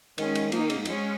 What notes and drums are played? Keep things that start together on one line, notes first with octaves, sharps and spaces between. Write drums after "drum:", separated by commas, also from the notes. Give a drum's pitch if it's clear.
D#3 G#3 C#4, drum: cymbal
drum: cymbal
F3 A#3 D#4, drum: cymbal
D#3
C#3, drum: cymbal
G#2
F2 G#3 C#4, drum: cymbal